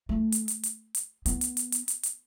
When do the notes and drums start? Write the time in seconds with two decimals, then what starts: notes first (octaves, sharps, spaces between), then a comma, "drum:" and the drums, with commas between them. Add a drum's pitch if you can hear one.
0.09 A3
0.32 drum: hi-hat
0.48 drum: hi-hat
0.63 drum: hi-hat
0.95 drum: hi-hat
1.26 B3, drum: hi-hat
1.41 drum: hi-hat
1.57 drum: hi-hat
1.72 drum: hi-hat
1.88 drum: hi-hat
2.03 drum: hi-hat